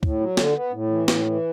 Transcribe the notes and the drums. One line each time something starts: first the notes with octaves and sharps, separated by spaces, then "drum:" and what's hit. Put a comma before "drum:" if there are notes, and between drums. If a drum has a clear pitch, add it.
A2, drum: kick
F#3
D3, drum: snare
B3
A2
E3
A2, drum: snare
E3